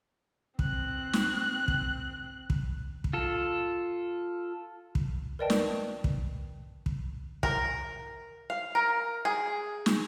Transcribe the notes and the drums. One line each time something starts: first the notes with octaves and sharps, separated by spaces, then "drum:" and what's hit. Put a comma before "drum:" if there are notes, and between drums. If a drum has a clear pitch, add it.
C4 F#6, drum: kick
drum: snare
drum: kick
drum: kick
drum: kick
F4 A4
drum: kick
A#4 B4 D5 D#5 G5 A5
drum: snare
drum: kick
drum: kick
A#4, drum: kick
F5
A#4
G#4
drum: snare